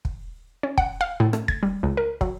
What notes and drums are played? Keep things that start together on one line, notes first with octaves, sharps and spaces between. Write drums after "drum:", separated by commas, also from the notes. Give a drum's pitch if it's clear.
drum: kick
C#4
F#5, drum: kick
F5
A2
A3, drum: rim click
G#6, drum: kick
G3
C#2
A#4
F#3, drum: kick